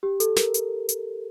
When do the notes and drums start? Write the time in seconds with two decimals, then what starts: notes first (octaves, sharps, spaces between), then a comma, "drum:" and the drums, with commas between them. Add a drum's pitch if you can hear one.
0.03 G4
0.20 A4, drum: hi-hat
0.36 A#4, drum: snare
0.54 drum: hi-hat
0.89 drum: hi-hat